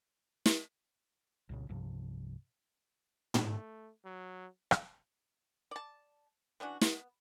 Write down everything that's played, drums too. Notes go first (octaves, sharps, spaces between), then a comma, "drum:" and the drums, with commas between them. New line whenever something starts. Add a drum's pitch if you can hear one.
drum: snare
C2 A#2 C#3
C2 G2 C3 F3
drum: tom
A3
F#3
drum: rim click
D5 A5
E3 C#4 D4 F#4
B3, drum: snare